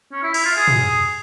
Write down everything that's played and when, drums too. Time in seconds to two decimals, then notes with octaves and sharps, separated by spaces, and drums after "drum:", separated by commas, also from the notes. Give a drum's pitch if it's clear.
0.13 C#4
0.23 E4
0.34 E4, drum: cymbal
0.45 F4
0.56 G#4
0.68 drum: tom